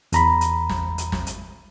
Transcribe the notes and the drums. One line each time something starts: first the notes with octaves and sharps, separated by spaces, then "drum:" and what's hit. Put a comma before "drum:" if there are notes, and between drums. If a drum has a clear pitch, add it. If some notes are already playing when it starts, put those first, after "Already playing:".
E2 A#5 B5, drum: hi-hat
drum: hi-hat
drum: snare
drum: hi-hat
drum: snare
drum: hi-hat